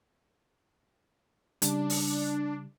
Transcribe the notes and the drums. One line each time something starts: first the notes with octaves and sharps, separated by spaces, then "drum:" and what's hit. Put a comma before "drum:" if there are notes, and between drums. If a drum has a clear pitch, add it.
C#3 G3 D4, drum: hi-hat
drum: open hi-hat